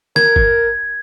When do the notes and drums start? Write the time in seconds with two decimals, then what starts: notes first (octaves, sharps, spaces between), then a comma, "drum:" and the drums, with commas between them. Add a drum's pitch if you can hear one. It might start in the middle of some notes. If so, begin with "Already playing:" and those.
0.16 A#4 G#6, drum: snare
0.36 drum: kick F#1